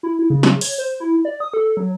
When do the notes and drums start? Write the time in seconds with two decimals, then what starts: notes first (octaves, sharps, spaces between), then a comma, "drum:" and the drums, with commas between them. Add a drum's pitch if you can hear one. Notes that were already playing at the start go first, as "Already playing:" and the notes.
0.03 E4
0.19 E4
0.30 C#3
0.43 drum: snare
0.61 C#5, drum: open hi-hat
0.78 C5
1.00 E4
1.25 D5
1.40 D#6
1.54 A4
1.77 F#3